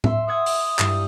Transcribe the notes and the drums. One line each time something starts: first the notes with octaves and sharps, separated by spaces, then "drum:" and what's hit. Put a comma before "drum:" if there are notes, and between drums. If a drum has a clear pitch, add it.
E5 C6, drum: tom A2
E5 F#5 D#6 G#6
drum: open hi-hat
G2 G3 E4, drum: clap